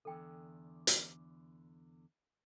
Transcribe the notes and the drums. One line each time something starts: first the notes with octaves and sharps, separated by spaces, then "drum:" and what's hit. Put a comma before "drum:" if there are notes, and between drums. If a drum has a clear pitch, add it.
E2 G2 D3 A4 G5
drum: hi-hat